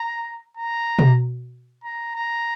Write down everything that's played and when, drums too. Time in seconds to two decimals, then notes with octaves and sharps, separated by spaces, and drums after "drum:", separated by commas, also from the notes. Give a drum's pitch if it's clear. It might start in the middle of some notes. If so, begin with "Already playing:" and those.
Already playing: A#5
0.57 A#5
0.99 drum: tom B2
1.84 A#5
2.16 A#5